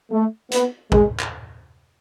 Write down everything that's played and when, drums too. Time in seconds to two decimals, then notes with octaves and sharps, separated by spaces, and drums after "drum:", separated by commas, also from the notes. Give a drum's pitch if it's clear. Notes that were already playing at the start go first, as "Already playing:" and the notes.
0.12 A3
0.51 B3, drum: hi-hat
0.92 G#3, drum: kick
1.20 drum: clap